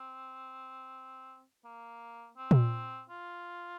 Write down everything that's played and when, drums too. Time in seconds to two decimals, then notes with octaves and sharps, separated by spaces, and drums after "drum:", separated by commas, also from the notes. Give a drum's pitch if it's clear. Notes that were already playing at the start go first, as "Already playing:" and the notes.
Already playing: C4
1.65 A#3
2.37 C4
2.51 drum: tom A#2
3.10 F4